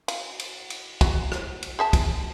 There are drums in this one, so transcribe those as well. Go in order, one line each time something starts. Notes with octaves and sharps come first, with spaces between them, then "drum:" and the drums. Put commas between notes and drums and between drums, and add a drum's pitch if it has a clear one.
F5, drum: cymbal
drum: cymbal
drum: cymbal
F#3, drum: kick, cymbal
drum: rim click
drum: cymbal
G#4 E5 A5
drum: kick, cymbal